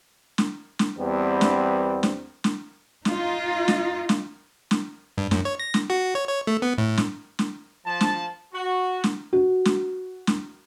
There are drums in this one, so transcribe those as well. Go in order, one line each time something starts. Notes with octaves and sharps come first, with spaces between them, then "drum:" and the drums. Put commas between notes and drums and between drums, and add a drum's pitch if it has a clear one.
drum: snare
drum: snare
E2 G3 B3 C4
drum: snare
drum: snare
drum: snare
D#4 F4, drum: snare
drum: snare
drum: snare
drum: snare
G2
F#2, drum: snare
C#5
A#6
drum: snare
F#4
C#5
C#5
A3
B3
A2
drum: snare
drum: snare
F3 A5
drum: snare
F#4
drum: snare
F#4
drum: snare
drum: snare